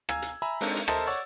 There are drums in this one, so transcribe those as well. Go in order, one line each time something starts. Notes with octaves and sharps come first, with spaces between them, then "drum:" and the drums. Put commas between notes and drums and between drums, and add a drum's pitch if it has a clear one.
F5 G#5 A#5 E6 G#6, drum: rim click
drum: hi-hat
E5 G#5 A#5 B5 E6
G#3 C4 D4 D#4 A4 A#4, drum: open hi-hat
drum: hi-hat
A4 A#4 C5 D#5 E5 A5, drum: rim click
C#5 D5 F#5 C#6 E6 A6